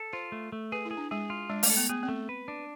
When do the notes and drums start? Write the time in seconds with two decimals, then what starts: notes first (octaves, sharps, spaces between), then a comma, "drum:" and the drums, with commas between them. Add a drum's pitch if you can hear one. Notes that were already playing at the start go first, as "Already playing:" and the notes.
Already playing: A4
0.13 F4 C5
0.32 A3
0.52 A3
0.72 G#4 B4
0.85 E4
0.91 G#4
0.97 D4
1.11 G#3 G#4
1.30 F4
1.50 G#3 D4
1.63 A3, drum: open hi-hat
1.70 A4
1.77 B3
1.89 B3 G#4
2.03 C4
2.09 A3
2.29 B4
2.48 D4